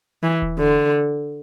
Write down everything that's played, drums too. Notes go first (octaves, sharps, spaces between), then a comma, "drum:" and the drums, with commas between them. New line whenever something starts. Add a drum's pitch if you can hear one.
E3
drum: kick D#1
D3